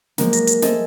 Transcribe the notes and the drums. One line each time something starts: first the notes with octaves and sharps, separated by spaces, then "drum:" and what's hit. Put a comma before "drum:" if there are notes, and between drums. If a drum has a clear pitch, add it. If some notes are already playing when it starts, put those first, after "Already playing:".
F3 F#3 G#3 A#3, drum: snare
A#6, drum: hi-hat
drum: hi-hat
G#4 A4 C5 D#5 E5, drum: snare